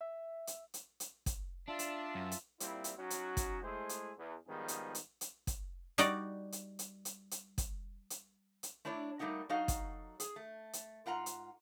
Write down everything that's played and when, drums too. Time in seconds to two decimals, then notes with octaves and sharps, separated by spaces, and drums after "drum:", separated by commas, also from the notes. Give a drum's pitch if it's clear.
0.01 E5
0.47 drum: hi-hat
0.74 drum: hi-hat
1.00 drum: hi-hat
1.26 drum: kick, hi-hat
1.68 D4 F4 E5 A5
1.79 drum: hi-hat
2.15 F#2
2.31 drum: hi-hat
2.60 A#2 G3 C4 E4, drum: hi-hat
2.84 drum: hi-hat
2.98 F#3 C#4 D#4 F#4
3.10 drum: hi-hat
3.37 drum: kick, hi-hat
3.63 G#3 A3 E4 G#4 C5
3.89 drum: hi-hat
4.18 E2
4.48 G#2 D#3 F3 G3 B3 G#4
4.68 drum: hi-hat
4.95 drum: hi-hat
5.21 drum: hi-hat
5.47 drum: kick, hi-hat
5.98 G3 D#4 F#4 D5, drum: hi-hat
6.52 drum: hi-hat
6.79 drum: hi-hat
7.05 drum: hi-hat
7.31 drum: hi-hat
7.58 drum: kick, hi-hat
8.10 drum: hi-hat
8.63 drum: hi-hat
8.85 A3 D4 E4 C#5 D5
9.19 G3 A3 A#3 D#4 F#4
9.49 F#3 D#4 F#4 A4 D#5 F5
9.68 drum: kick, hi-hat
10.20 G#4, drum: hi-hat
10.36 A3
10.73 drum: hi-hat
11.06 G#2 F4 F#5 A#5
11.26 drum: hi-hat